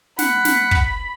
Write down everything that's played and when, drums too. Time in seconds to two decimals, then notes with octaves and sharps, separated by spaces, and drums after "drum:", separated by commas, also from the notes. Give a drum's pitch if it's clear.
0.19 F#5 B5, drum: snare
0.45 drum: snare
0.71 drum: kick